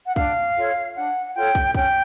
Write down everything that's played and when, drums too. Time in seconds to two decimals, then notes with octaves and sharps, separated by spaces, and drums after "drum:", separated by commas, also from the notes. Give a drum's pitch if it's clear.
0.07 F#5
0.16 D4 F5, drum: kick
0.56 F4 A4 C#5
0.96 D4 F#5
1.35 F4 A4 C#5 G5
1.55 drum: kick
1.75 C#4 G5, drum: kick